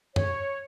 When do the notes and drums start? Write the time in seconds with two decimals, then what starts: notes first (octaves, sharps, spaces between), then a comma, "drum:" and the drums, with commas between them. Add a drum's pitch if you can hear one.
0.16 C#5, drum: tom F#2